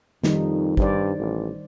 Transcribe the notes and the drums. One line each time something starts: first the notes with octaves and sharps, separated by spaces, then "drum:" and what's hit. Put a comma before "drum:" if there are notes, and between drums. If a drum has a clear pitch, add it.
F2 D#3 G3 D#4, drum: snare
G2 C5 D5, drum: kick G#1
A1